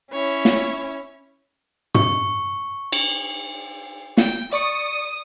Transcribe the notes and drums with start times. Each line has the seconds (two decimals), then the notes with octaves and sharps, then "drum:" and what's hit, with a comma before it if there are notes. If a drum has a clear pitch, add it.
0.12 C#4 E4 C#5
0.45 drum: snare
1.95 C#6, drum: tom
2.92 drum: cymbal
4.17 G5, drum: snare
4.53 D5 C#6 D#6 C#7